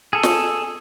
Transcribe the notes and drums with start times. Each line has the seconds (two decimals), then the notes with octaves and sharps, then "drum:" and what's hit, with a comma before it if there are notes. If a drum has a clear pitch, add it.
0.13 G#4 A4
0.23 drum: snare